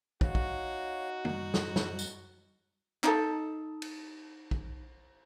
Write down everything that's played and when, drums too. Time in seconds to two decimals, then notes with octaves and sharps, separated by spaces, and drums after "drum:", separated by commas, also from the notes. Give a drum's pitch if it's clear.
0.21 D#4 F#4 C#5 F5, drum: kick
0.35 drum: kick
1.25 F#2 G3, drum: tom
1.54 drum: snare
1.76 drum: snare
1.99 drum: tambourine
3.04 D#4 A4, drum: clap
3.82 drum: cymbal
4.51 drum: kick